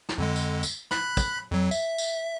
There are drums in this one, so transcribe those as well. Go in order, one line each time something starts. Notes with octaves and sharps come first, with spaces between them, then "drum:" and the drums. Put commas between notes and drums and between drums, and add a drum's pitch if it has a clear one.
drum: snare
F2 D3 G#3
drum: tambourine
drum: tambourine
B5 F#6 B6, drum: snare
drum: kick, tambourine
F2 F#3
E5, drum: tambourine
drum: tambourine